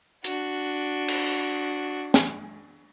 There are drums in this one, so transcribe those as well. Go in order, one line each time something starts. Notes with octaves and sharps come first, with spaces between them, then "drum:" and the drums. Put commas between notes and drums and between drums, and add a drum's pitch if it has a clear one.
D4 F#4, drum: hi-hat
drum: cymbal
drum: snare